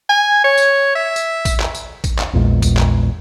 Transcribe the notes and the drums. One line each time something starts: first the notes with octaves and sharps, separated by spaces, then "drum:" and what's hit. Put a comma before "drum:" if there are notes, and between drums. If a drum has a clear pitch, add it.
G#5
C#5
drum: tambourine
E5
drum: tambourine
drum: kick, tambourine
drum: clap
drum: tambourine
drum: kick, tambourine
drum: clap
A#1 E2 A#2 G#3
drum: kick, tambourine
drum: clap